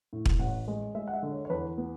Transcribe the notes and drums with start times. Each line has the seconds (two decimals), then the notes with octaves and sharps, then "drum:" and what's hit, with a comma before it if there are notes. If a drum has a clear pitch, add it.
0.13 A2
0.26 drum: kick
0.39 A1 F#5
0.68 G#3
0.95 G#3 E5
1.07 F#5
1.13 E5
1.23 D3
1.32 C#5
1.45 C#5
1.50 E2 B4
1.78 B3